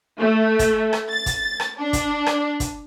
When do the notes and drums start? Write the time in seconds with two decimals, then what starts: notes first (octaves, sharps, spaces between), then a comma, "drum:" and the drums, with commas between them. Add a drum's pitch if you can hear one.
0.20 A3
0.59 drum: kick, hi-hat
0.93 drum: rim click
1.09 A6
1.26 drum: kick, hi-hat
1.60 drum: rim click
1.78 D4
1.93 drum: kick, hi-hat
2.26 drum: rim click
2.60 drum: kick, hi-hat